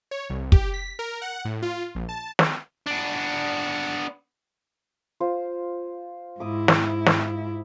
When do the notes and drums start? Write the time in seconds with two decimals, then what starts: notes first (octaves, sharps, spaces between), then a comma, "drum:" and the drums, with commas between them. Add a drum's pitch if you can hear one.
0.11 C#5
0.30 C2
0.52 G4, drum: kick
0.74 B6
0.99 A#4
1.22 F#5
1.45 A2
1.63 F4
1.95 A#1
2.09 A5
2.39 drum: snare
2.86 B3 D4
5.20 F4 C5
6.40 G#2 E4 D6 D#6
6.68 drum: snare
7.06 drum: snare